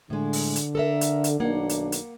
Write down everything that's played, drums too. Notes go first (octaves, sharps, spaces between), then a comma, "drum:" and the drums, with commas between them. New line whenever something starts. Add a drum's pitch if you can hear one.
A2 D3 G#3
drum: open hi-hat
drum: hi-hat
A4 A#4 E5
drum: hi-hat
drum: hi-hat
B1 D#3 A#3 D4 F#5
drum: hi-hat
drum: hi-hat